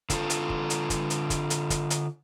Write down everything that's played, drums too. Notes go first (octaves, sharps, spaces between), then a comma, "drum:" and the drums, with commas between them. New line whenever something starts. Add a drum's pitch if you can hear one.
D3 F4 A4, drum: kick, hi-hat
drum: hi-hat
drum: kick
drum: hi-hat
drum: kick, hi-hat
drum: hi-hat
drum: kick, hi-hat
drum: hi-hat
drum: kick, hi-hat
drum: hi-hat